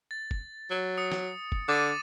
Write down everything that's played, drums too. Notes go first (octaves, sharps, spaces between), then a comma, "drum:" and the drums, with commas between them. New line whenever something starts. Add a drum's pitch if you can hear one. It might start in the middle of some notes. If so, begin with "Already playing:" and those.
A6
drum: kick
F#3
D#6 C#7
drum: snare
drum: kick
D3 D6 A6 D#7